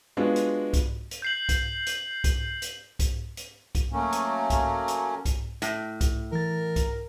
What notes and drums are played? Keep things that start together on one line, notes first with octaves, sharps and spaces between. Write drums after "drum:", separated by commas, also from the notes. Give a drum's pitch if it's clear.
G#3 B3 D4 F4 F#4
drum: hi-hat
drum: kick C2, hi-hat
drum: hi-hat
G6 C7 F#7
drum: kick C2, hi-hat
drum: hi-hat
drum: kick C2, hi-hat
drum: hi-hat
drum: kick C2, hi-hat
drum: hi-hat
drum: kick C2, hi-hat
F#3 A3 A#3 C#4
drum: hi-hat
drum: kick C2, hi-hat
drum: hi-hat
drum: kick C2, hi-hat
A2, drum: hi-hat
drum: kick C2, hi-hat
E3 A#4 A6
drum: kick C2, hi-hat